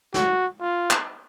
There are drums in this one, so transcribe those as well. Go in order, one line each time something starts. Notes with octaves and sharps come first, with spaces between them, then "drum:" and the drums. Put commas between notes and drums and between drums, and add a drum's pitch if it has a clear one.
F#4, drum: snare
F4
drum: clap